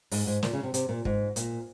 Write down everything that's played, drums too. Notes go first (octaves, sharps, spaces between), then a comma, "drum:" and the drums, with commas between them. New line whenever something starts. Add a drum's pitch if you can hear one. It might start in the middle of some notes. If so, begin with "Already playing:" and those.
G#2, drum: open hi-hat
G#2
A#2, drum: snare
C#3
C3
C3, drum: hi-hat
A#2
G#2, drum: kick
A#2, drum: hi-hat